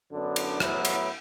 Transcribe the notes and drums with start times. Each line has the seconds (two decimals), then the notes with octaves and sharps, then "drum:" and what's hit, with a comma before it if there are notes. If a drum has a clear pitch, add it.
0.12 F#2 D3 B3 D4
0.36 drum: cymbal
0.60 A2 F#3 B3 E4, drum: rim click
0.85 drum: cymbal